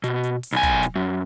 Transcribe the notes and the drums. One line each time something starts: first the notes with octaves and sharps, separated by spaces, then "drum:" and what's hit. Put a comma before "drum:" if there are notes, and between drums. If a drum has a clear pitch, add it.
B2, drum: hi-hat
drum: hi-hat
drum: open hi-hat
B1 G#5
drum: kick, hi-hat
drum: hi-hat
F#2